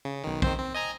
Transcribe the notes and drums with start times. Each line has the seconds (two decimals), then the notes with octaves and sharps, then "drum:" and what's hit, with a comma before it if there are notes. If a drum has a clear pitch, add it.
0.05 C#3
0.24 B1 D#3
0.42 D#3 C4 C5, drum: kick
0.59 C4
0.74 D#5 G#5 A#5